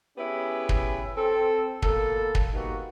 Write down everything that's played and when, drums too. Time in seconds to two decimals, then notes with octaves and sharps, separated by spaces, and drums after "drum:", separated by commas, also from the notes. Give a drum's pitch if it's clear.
0.17 B3 C#4 E4 G4 G#4
0.69 drum: kick
1.16 C4 A4
1.82 B2 A#3 A4, drum: kick
2.35 drum: kick
2.53 G3 A#3 B3 D#4 F#4